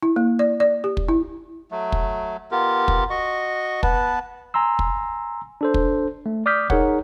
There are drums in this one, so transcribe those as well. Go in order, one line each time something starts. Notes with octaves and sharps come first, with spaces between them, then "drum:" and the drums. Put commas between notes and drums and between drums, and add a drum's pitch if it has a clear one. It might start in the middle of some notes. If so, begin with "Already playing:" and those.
E4
A#3
D5
D5
G4
drum: kick
E4
F#3 A3
drum: kick
B3 F4 G4 A#4
drum: kick
F#4 D#5 C#6
B3 B4 A5, drum: kick
G#5 A#5 C6 E6
drum: kick
D4 A4 C5
drum: kick
A3
D5 D6 D#6 F6 G6 B6
D#4 G#4 A#4 C#5 F#5, drum: kick